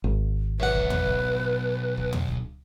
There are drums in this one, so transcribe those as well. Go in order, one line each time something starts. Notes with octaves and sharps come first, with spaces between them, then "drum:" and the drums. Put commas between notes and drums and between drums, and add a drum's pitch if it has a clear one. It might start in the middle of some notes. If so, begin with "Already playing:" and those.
G#1
B1 B4 C#5 E5 F#5
drum: kick
drum: tom
drum: kick
drum: kick
drum: tom
drum: kick